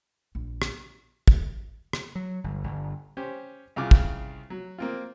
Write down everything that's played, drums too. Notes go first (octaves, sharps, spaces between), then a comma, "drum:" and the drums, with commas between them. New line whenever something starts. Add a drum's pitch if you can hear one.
A#1
drum: rim click
drum: kick
drum: rim click
F#3
G1
G1
C#4 G4 C5
C2 C#3 F4 D6
drum: kick
F#3
A#3 C4 F4